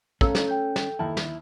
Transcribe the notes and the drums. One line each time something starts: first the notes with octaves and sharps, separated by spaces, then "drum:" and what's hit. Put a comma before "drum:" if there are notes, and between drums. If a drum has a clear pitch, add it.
A3 C#4 A4 F5 A#5, drum: kick
drum: snare
G5 G6
drum: snare
D#2 E4 A5
drum: snare